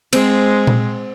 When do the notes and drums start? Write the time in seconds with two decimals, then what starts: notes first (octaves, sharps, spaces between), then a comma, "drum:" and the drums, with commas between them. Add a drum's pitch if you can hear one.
0.13 G#3 C4, drum: cymbal
0.67 drum: tom A#2